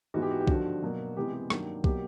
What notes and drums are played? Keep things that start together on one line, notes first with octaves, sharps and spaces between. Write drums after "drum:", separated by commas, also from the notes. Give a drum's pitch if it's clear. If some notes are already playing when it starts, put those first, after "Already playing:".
G#2 E3 G#3 B3 F#4
G4
F#4
G4
G2 D3 F3 F#4, drum: kick B1
B2 F#3 A#3
C3 E3 G#3 B3 G4
G4
G2 D#3 F#3 A#3, drum: rim click
B2 F#3 A#3 G4, drum: kick B1